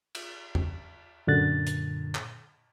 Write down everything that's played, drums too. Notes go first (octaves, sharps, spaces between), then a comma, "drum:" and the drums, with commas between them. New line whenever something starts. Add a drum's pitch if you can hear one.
drum: cymbal
drum: tom E2
F#2 A#2 D3 F#6 A6
drum: hi-hat
drum: clap